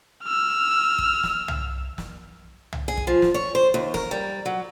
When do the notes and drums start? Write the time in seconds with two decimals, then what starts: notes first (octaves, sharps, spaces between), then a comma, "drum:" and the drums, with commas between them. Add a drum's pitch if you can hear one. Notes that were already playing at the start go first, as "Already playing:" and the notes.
0.24 E6 F6
0.99 drum: kick
1.23 drum: snare
1.48 drum: tom C2
1.98 drum: snare
2.73 drum: tom C2
2.88 G#4
2.97 drum: kick
3.07 F3
3.22 drum: snare
3.34 C#5
3.55 C5
3.74 D#2
3.94 A#4, drum: snare
4.11 G3
4.45 F#3